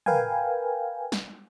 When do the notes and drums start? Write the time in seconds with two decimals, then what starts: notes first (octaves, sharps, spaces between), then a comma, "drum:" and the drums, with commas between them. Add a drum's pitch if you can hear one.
0.06 A#4 B4 F5 G5 G#5, drum: tom
1.12 drum: snare